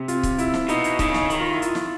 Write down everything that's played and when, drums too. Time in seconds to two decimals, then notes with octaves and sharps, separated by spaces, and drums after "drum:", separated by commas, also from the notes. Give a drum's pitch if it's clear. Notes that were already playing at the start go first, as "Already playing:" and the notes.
Already playing: C3
0.08 F4, drum: hi-hat
0.23 drum: kick, hi-hat
0.38 E4, drum: hi-hat
0.54 drum: snare
0.68 B2 D#4, drum: hi-hat
0.84 drum: hi-hat
0.99 C#3 D#4, drum: kick, hi-hat
1.14 drum: snare
1.30 D#3, drum: hi-hat
1.40 F4
1.51 E4
1.62 F4, drum: hi-hat
1.75 drum: snare